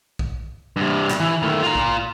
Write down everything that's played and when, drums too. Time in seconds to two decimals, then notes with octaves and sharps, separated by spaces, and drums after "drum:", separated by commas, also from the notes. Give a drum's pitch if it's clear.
0.19 drum: kick
0.76 G2 C3
1.10 drum: clap
1.20 E3
1.42 D#3 A3
1.62 F4 A#5
1.75 drum: kick